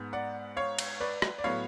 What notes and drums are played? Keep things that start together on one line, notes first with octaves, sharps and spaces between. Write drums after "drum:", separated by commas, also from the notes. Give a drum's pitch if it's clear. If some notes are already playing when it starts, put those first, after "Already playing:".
Already playing: G#2 G#3 B3
D5 F#5
C#5 F5
drum: cymbal
B4 D5
drum: rim click
D5
A2 F#3 B3 C#5 F5